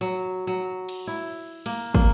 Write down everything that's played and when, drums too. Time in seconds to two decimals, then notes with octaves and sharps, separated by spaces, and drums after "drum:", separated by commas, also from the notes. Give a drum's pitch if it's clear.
0.01 F#3
0.47 F#3
0.89 drum: cymbal
1.07 E4
1.66 A#3, drum: cymbal
1.95 A#3, drum: kick